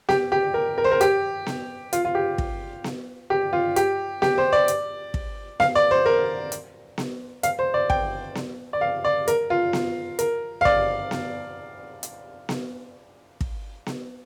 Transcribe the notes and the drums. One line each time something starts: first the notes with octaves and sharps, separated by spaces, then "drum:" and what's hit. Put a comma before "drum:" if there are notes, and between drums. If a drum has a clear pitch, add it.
G4, drum: snare B3
G4
A#4
A#4
C5
A#4
G4, drum: hi-hat
drum: snare B3
F4, drum: hi-hat
F4
G4
drum: kick
drum: snare B3
G4
F4
G4, drum: hi-hat
G4, drum: snare B3
C5
D5
drum: hi-hat
drum: kick
F5, drum: snare B3
D5
C5
A#4
drum: hi-hat
drum: snare B3
F5, drum: hi-hat
C5
D5
G5, drum: kick
drum: snare B3
D5
F5
D5
A#4, drum: hi-hat
F4
drum: snare B3
A#4, drum: hi-hat
F5
D5, drum: kick
drum: snare B3
drum: hi-hat
drum: snare B3
drum: kick
drum: snare B3